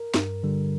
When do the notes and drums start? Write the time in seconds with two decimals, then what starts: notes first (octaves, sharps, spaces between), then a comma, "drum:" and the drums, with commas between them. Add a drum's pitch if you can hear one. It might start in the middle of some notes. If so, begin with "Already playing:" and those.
Already playing: A#4
0.14 G2, drum: snare
0.43 D3 G3